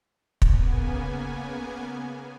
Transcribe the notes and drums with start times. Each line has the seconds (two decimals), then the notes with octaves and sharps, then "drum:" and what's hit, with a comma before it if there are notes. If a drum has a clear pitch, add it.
0.42 C#3 A#3 B3 G#5, drum: kick